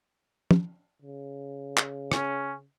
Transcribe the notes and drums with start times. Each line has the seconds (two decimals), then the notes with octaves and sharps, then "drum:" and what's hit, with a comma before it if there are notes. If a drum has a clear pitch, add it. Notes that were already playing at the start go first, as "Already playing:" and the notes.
0.51 drum: tom
1.02 C#3
1.77 drum: clap
2.12 C#4, drum: rim click